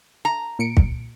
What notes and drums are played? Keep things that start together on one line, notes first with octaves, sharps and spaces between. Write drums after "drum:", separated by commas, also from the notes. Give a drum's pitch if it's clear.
A#5
A#2 C#7 D7
drum: kick